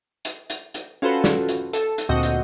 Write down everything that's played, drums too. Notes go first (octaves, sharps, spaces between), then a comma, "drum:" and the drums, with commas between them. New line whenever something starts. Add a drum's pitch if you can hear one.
drum: hi-hat
drum: hi-hat
drum: hi-hat
C#4 F4 F#4 A4 B4 C5
drum: snare
drum: hi-hat
A4, drum: hi-hat
drum: hi-hat
D2 A#2 C4 F#4 D#5 G6
drum: hi-hat